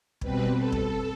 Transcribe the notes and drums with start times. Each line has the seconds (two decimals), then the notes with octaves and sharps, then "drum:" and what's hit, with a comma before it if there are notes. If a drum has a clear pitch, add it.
0.21 B2 G3 C4 B4, drum: kick
0.55 A4
0.72 drum: kick